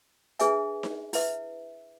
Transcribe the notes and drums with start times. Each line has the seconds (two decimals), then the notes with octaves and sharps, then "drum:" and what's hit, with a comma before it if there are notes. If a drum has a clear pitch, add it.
0.39 D4 G#4 B4 E5 G#5, drum: hi-hat
0.83 drum: snare D#4
1.13 E4 B4 E5, drum: open hi-hat